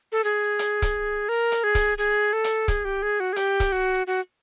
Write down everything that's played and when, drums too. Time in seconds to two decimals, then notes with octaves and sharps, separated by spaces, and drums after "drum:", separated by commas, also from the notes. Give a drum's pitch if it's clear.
0.12 A4
0.24 G#4
0.59 drum: hi-hat
0.82 drum: kick C#1, hi-hat
1.29 A#4
1.52 drum: hi-hat
1.64 G#4
1.75 drum: kick C#1, hi-hat
1.98 G#4
2.33 A4
2.44 drum: hi-hat
2.68 G#4, drum: kick C#1, hi-hat
2.85 G4
3.02 G#4
3.20 F#4
3.33 G#4
3.36 G4, drum: hi-hat
3.60 drum: kick C#1, hi-hat
3.72 F#4
4.07 F#4